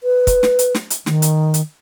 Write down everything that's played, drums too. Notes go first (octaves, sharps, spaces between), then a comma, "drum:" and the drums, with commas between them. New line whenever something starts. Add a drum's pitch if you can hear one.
B4
drum: kick, hi-hat
drum: snare
drum: hi-hat
drum: snare
drum: hi-hat
D#3, drum: snare
drum: hi-hat
drum: hi-hat